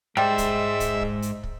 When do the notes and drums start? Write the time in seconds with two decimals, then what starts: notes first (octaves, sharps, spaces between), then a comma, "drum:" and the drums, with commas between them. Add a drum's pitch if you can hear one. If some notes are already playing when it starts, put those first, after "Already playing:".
0.17 G#2 G3 G#3 C5 E5
0.38 drum: kick, hi-hat
0.80 drum: kick, hi-hat
1.01 drum: kick
1.22 drum: hi-hat
1.43 drum: kick